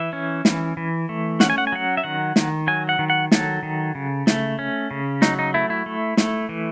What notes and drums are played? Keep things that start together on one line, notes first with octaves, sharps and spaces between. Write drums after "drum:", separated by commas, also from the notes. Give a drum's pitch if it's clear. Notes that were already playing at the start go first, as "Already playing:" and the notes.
Already playing: E3 E5
C#4
E3, drum: snare
E3
A3
C#4 F#5, drum: snare
G#5
F#5
G#5
F#3 F#5
E5
D#3 F#5
D#3, drum: snare
F#3 G#5
F#5
D#3
F#5
F#3 A4, drum: snare
D#3
C#3
A3, drum: snare
C#4
C#3
F#3 D#4, drum: snare
D#4
A3 E4
E4
A3
A3, drum: snare
E3